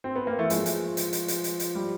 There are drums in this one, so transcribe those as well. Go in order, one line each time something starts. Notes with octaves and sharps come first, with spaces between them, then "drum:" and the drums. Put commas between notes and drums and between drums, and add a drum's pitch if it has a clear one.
C4
B3
A#3
E3 A3
F3 G#3, drum: hi-hat
drum: hi-hat
drum: hi-hat
drum: hi-hat
drum: hi-hat
drum: hi-hat
drum: hi-hat
G3